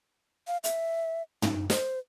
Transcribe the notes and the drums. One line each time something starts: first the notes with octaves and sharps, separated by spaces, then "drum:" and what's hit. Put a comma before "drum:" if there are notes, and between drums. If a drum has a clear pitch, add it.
F5
E5, drum: hi-hat
D#4, drum: tom
C5, drum: snare